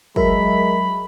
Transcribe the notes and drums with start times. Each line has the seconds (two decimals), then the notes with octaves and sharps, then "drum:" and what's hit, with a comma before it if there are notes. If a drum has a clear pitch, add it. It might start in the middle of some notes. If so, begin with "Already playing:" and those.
0.16 F#3 G#3 A#4 E5 A#5 B5, drum: kick